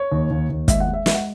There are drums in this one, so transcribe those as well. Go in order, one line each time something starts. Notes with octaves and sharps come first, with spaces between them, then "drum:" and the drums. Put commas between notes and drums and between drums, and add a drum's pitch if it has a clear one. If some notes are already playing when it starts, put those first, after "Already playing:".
Already playing: C#5
D#2
D#2
D#2
G#3 E5, drum: kick, hi-hat
F#5
G#3
E5
G#3 E5, drum: snare
F#5